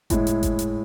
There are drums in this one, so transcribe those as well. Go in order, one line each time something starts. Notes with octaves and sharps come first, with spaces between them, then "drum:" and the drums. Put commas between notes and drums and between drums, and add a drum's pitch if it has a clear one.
A2 G#3 E4, drum: kick G1, hi-hat
drum: hi-hat
drum: kick G1, hi-hat
drum: hi-hat